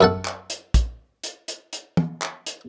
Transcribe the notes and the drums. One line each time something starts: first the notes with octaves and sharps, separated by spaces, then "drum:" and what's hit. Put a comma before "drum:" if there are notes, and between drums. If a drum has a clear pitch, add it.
F#2 A4 F#5
drum: clap
drum: hi-hat
drum: kick, hi-hat
drum: hi-hat
drum: hi-hat
drum: hi-hat
drum: tom
drum: clap
drum: hi-hat